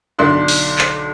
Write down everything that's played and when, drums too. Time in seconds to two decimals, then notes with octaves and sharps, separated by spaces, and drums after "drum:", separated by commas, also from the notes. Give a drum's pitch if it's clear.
0.19 B1 D3 D4 C6 F#6
0.48 drum: open hi-hat
0.78 drum: clap